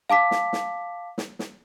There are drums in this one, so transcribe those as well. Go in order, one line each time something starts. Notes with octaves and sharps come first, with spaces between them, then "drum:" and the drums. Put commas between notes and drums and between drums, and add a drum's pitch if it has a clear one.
F5 A5 D6 B6
drum: snare
drum: snare
drum: snare
drum: snare